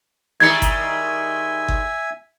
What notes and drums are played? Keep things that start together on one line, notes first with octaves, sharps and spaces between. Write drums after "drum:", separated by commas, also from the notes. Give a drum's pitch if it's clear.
D#3 G3 G#3 E5 G#5 G#6 C#7
drum: kick G1, hi-hat
drum: kick G1